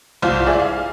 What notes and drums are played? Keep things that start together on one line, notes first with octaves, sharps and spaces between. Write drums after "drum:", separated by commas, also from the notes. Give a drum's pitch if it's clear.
C2 F4 C5, drum: tom B1
G#4 D5 E5
F5